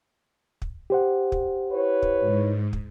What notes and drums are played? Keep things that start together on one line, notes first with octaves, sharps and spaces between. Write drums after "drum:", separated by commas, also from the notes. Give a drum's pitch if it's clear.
drum: kick
G4 C5 F#5
drum: kick
E4 B4 C#5
drum: kick
G#2
drum: kick